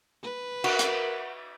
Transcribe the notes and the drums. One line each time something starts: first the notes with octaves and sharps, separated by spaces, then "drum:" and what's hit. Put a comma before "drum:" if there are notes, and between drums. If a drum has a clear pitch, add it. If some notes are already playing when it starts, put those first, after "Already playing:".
B4
F#4 A#4, drum: cymbal
drum: hi-hat